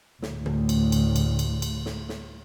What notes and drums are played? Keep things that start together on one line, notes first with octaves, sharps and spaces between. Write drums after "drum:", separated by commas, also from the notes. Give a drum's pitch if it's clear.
D2 A2, drum: snare
drum: tom
drum: cymbal
drum: cymbal
drum: cymbal
drum: cymbal
drum: cymbal
drum: snare
drum: snare